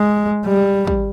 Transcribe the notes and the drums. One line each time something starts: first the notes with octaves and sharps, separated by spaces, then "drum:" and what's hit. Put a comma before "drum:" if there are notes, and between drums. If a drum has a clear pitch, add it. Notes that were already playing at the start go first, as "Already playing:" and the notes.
Already playing: G#3
G3
drum: kick